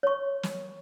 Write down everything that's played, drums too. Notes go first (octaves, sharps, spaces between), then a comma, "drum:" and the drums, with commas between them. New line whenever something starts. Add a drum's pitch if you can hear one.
C#5 C#6
drum: snare